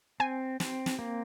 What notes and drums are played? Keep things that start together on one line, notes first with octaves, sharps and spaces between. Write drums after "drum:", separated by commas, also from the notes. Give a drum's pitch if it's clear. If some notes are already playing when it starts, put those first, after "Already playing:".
C4 G#5
C4, drum: snare
drum: snare
A#3